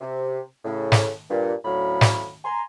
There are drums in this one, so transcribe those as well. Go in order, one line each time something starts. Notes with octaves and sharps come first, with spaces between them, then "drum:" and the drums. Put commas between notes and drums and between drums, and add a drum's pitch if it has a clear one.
C3
A2 C#3
drum: snare
G2 A#2
D2 A2 F#3 C#4 F5 B5
drum: snare
G#5 A#5 C6